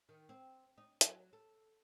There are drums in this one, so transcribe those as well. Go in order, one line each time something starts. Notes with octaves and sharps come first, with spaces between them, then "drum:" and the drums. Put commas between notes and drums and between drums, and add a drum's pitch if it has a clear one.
D#3
C4
D#4
F#3, drum: hi-hat
A4